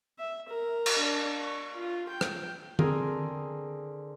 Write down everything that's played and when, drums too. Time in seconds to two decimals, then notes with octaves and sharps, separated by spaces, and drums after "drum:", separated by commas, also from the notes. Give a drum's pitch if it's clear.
0.19 E5
0.49 A#4
0.86 drum: cymbal
0.98 D4
1.41 C#6
1.76 F4
2.09 G5
2.21 drum: rim click
2.79 D3 C4 G#4 A#4, drum: tom